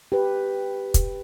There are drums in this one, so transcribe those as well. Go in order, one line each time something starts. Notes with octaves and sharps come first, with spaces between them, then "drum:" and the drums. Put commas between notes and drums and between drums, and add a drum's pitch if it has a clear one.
G4 B4
drum: kick, hi-hat